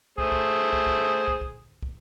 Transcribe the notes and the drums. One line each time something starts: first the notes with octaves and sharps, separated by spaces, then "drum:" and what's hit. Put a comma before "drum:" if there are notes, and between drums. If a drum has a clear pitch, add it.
A3 G#4 C5, drum: kick
drum: kick
drum: kick
drum: kick
drum: kick
drum: kick
drum: kick